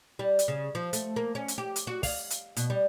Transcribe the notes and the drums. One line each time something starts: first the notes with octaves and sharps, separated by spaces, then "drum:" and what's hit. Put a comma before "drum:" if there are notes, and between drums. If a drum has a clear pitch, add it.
G3
drum: hi-hat
C#3
F3
A3, drum: hi-hat
A#3
C#4
drum: hi-hat
G4
drum: hi-hat
F#4
F5, drum: kick, open hi-hat
drum: hi-hat
B2, drum: hi-hat
G3